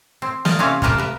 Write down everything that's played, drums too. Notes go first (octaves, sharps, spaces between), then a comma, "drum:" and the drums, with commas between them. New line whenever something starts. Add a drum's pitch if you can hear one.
C4
D5 D#5 F5, drum: snare
C3 E3 C4 C#4 F5
C3 A#3 A#4 B4 A5, drum: kick
A#4 B4